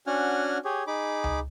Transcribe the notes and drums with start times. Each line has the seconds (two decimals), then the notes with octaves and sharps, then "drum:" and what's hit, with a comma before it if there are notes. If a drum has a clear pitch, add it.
0.07 C#4 D4 F#4 F#5 G#5 F6
0.65 G4 G#4 C#5
0.87 D#4 G#4 B5 D6
1.24 drum: tom C#2